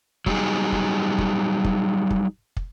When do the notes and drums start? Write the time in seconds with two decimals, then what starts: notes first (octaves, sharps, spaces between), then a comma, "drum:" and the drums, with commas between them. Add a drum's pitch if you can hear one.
0.26 F#3 G3 D#4 G#4, drum: kick
0.72 drum: kick
1.18 drum: kick
1.64 drum: kick
2.10 drum: kick
2.57 drum: kick